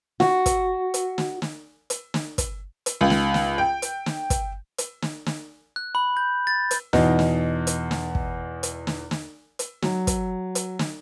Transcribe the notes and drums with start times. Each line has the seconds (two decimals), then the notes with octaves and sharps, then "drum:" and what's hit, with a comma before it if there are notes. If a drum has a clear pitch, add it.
0.20 F#4, drum: snare
0.46 drum: kick, hi-hat
0.94 drum: hi-hat
1.18 drum: snare
1.42 drum: snare
1.90 drum: hi-hat
2.14 drum: snare
2.38 drum: kick, hi-hat
2.86 drum: hi-hat
3.01 C#2
3.10 drum: snare
3.34 drum: snare
3.58 G5
3.82 drum: hi-hat
4.06 drum: snare
4.30 drum: kick, hi-hat
4.78 drum: hi-hat
5.02 drum: snare
5.26 drum: snare
5.76 F#6
5.95 B5
6.17 G6
6.47 A6
6.71 drum: hi-hat
6.93 E2 B2 D#4, drum: snare
7.19 drum: snare
7.67 drum: hi-hat
7.91 drum: snare
8.15 drum: kick
8.63 drum: hi-hat
8.87 drum: snare
9.11 drum: snare
9.59 drum: hi-hat
9.82 F#3, drum: snare
10.07 drum: kick, hi-hat
10.55 drum: hi-hat
10.79 drum: snare